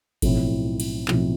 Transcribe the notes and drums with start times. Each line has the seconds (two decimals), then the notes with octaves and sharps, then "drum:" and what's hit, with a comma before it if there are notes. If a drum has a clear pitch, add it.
0.22 B1 A2 F3 C4 E4, drum: kick G#1, cymbal
0.80 drum: cymbal
1.08 B1 A2 F3 C4 E4, drum: clap